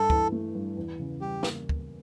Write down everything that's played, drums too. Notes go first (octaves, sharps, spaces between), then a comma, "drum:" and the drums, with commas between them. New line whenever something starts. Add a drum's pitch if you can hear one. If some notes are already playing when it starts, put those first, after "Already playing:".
Already playing: G2 A4
E3, drum: kick
A3
G2
E2
C#3
G3 G4
A#3, drum: snare
drum: kick